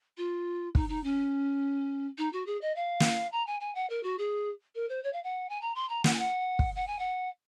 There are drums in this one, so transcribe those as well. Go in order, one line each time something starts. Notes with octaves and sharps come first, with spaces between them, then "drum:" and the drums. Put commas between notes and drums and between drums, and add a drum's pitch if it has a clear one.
F4
D#4, drum: kick
D#4
C#4
D#4
F#4
G#4
D#5
F5
drum: snare
A#5
G#5
G#5
F#5
A#4
F#4
G#4
A#4
C5
C#5
F5
F#5
G#5
A#5
C6
A#5
F#5, drum: snare
G#5
F#5
drum: kick
F#5
G#5
F#5